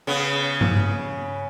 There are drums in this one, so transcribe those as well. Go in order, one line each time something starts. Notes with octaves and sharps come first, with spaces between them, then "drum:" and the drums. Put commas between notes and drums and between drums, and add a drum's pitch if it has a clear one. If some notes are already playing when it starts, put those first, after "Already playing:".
C#3 B3
drum: tom G2